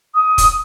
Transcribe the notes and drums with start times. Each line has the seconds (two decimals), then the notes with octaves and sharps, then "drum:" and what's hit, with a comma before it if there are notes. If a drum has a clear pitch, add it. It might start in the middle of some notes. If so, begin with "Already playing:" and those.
0.15 D#6
0.38 drum: kick, hi-hat